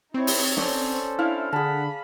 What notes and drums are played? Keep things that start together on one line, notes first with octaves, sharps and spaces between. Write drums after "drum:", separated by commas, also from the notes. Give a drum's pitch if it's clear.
C4 D#4 E4 C#5
drum: open hi-hat
C#4 A4 C5 D5, drum: snare
D4 E4 F5
D3 G#4 F#5 A5 B5